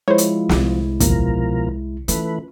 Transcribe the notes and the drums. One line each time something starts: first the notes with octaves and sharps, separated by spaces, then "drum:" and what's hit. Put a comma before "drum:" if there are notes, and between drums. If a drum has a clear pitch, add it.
F3 G#3 E4 C5 C#5
drum: hi-hat
C2 D3, drum: snare
A1 D#2 B2 F3 A#4, drum: hi-hat
E3 A3 C#4 F4 B4, drum: hi-hat